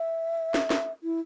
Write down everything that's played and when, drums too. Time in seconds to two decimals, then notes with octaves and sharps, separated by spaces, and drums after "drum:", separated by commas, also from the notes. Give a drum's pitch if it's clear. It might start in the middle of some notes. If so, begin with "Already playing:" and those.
Already playing: E5
0.54 drum: snare
0.70 drum: snare
1.03 E4